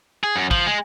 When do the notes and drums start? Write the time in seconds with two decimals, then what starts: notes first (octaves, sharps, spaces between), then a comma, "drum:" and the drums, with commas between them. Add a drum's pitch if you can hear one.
0.24 G#4
0.36 F#2
0.51 F3, drum: kick
0.66 G#3